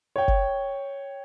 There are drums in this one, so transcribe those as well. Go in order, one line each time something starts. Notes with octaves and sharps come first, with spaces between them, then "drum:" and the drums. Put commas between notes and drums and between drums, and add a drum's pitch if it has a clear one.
C#5 G5
drum: kick F#1